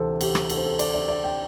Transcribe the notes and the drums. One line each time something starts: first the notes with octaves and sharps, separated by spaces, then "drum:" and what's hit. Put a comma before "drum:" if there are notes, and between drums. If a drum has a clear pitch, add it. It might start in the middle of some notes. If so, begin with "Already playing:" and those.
Already playing: D2 C3 E3 A4 C5
G4, drum: cymbal
drum: rim click
A4, drum: cymbal
C5
A4
D5, drum: cymbal
D5
D5
G5